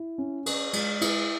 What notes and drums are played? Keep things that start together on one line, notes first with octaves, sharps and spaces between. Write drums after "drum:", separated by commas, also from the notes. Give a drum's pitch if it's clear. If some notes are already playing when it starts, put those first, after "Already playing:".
Already playing: E4
C#4
G#4, drum: cymbal
G#3, drum: cymbal
E4, drum: cymbal